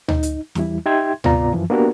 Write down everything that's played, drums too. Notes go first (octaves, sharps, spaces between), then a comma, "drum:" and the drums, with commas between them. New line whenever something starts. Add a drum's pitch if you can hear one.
D#4, drum: tom D2
drum: hi-hat
E2 E3 G3 E4, drum: snare
D#4 G4 E5 G5 C6 G#6
G#2 C3 B3 F4 D5 A#5, drum: tom D2
F#2 E3 F3
A#3 B3 D4 F#4 G4 A#4